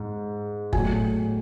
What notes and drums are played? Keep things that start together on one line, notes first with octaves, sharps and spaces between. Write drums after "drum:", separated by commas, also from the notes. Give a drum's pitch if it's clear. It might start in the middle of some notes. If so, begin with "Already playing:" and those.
Already playing: G#2
A2 F#3 G#5, drum: kick F#1